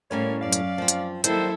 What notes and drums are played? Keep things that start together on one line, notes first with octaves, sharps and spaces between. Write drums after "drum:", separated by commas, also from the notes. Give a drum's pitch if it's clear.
A2 G3 A#3 B3 C#4 A#4 C#5
F#2 C#4 D5 F5
drum: hi-hat
F3 C4
drum: hi-hat
D#3 F#3 G3 A#3 E4 A4 C5, drum: hi-hat